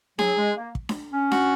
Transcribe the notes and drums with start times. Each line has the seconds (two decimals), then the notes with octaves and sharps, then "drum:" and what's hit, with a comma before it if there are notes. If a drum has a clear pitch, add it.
0.19 F#3 G#4, drum: snare D4
0.37 G#3
0.56 A#3
0.75 drum: kick
0.89 drum: snare D4
1.13 C#4
1.32 F#4, drum: snare D4